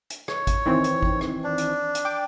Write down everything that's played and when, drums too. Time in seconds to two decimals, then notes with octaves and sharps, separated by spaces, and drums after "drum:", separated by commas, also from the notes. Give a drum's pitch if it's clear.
0.10 drum: hi-hat
0.28 C#5, drum: rim click
0.47 drum: kick G#1, hi-hat
0.66 D#3 E3 C4
0.84 drum: hi-hat
1.03 drum: kick G#1
1.21 drum: rim click
1.44 D4
1.58 drum: hi-hat
1.95 drum: hi-hat
2.05 G5 D6